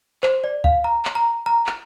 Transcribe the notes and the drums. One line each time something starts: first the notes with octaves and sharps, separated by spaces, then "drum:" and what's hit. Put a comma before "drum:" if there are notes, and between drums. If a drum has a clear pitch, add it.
C5, drum: clap
D5
F5, drum: kick C#2
A#5
drum: clap
A#5
A#5
drum: clap